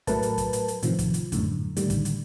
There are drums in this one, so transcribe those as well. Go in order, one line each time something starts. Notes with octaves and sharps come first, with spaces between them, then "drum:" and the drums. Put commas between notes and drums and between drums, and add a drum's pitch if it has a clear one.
A2 F#3 A3 A#4 B4 A5, drum: kick, hi-hat
drum: hi-hat
drum: kick, hi-hat
drum: hi-hat
drum: hi-hat
A2 C3 D#3 F3, drum: hi-hat
drum: kick, hi-hat
drum: hi-hat
F#2 A2 D3, drum: kick, hi-hat
A2 D3 D#3 G3, drum: hi-hat
drum: kick, hi-hat
drum: hi-hat